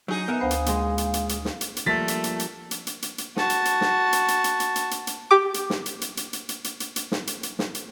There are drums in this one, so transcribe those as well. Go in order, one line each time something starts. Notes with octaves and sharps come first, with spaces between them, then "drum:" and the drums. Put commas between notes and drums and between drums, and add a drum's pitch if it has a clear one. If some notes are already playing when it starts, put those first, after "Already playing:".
F#3 D4 D#4 G#4
B3 A#4 B4 E5
D2 C5 F5 B5
drum: hi-hat
A#2 G#3, drum: hi-hat
drum: hi-hat
drum: hi-hat
drum: hi-hat
drum: snare
drum: hi-hat
drum: hi-hat
F3 G3 A3 A#3 A6 B6
drum: hi-hat
drum: hi-hat
drum: hi-hat
drum: hi-hat
drum: hi-hat
drum: hi-hat
drum: hi-hat
F#4 A5, drum: snare
drum: hi-hat
drum: hi-hat
drum: snare
drum: hi-hat
drum: hi-hat
drum: hi-hat
drum: hi-hat
drum: hi-hat
drum: hi-hat
drum: hi-hat
G4 D6
drum: hi-hat
drum: snare
drum: hi-hat
drum: hi-hat
drum: hi-hat
drum: hi-hat
drum: hi-hat
drum: hi-hat
drum: hi-hat
drum: hi-hat
drum: snare
drum: hi-hat
drum: hi-hat
drum: snare
drum: hi-hat